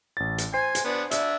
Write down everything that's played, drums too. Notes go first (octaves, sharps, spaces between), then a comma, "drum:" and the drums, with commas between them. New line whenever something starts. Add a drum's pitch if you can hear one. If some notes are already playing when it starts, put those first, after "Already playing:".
A1 A6
drum: hi-hat
C5 G#5 C7
drum: hi-hat
B3 D4
D4 E5, drum: hi-hat